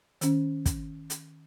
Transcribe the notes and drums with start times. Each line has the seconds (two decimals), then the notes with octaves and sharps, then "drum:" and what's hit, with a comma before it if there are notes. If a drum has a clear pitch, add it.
0.21 D#3 C#4, drum: hi-hat
0.66 drum: kick, hi-hat
1.10 drum: hi-hat